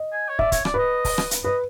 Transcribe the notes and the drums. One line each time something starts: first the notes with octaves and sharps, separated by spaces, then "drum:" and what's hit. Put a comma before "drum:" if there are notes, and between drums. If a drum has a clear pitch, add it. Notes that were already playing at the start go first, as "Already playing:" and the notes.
Already playing: D#5
G#5
C#5
D5 E5, drum: kick
C#5, drum: kick, hi-hat
D5, drum: rim click
B4 D#5
drum: kick, open hi-hat
drum: rim click
drum: hi-hat
B4 D#5